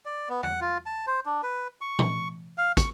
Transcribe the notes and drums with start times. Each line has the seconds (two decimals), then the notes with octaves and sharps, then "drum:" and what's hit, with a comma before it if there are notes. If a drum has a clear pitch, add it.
0.05 D5
0.29 B3
0.43 F#5, drum: tom E2
0.61 F4
0.86 A5
1.07 C5
1.26 D4
1.43 B4
1.81 C#6
1.99 drum: tom A#2
2.58 F5
2.77 C#6, drum: kick, hi-hat